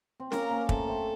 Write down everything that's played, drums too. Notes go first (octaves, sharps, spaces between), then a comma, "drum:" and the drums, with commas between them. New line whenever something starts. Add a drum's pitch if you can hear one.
C4
A#3 C#4 A#4, drum: snare
A#3 C#4
A3 C4 A4, drum: kick
A3 C4